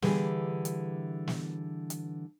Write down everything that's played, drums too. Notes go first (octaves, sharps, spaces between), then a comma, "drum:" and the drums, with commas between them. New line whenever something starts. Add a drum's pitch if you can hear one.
D3 E3 G3 G#4, drum: snare
drum: hi-hat
drum: snare
drum: hi-hat